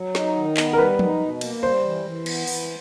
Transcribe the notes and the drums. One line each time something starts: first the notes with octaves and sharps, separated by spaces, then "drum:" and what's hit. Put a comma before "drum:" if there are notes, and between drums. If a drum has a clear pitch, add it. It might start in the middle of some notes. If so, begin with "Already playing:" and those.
Already playing: F#3
D#4, drum: snare
D#3
B3, drum: clap
A#4
G3 B4
D#4, drum: tom F3
B2
A#3, drum: cymbal
G3 C5
E3
E3
B3, drum: cymbal
E3, drum: open hi-hat